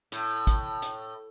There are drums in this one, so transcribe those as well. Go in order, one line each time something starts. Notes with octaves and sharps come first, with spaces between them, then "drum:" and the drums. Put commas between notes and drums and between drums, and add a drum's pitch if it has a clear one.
A2, drum: hi-hat
drum: kick, hi-hat
drum: hi-hat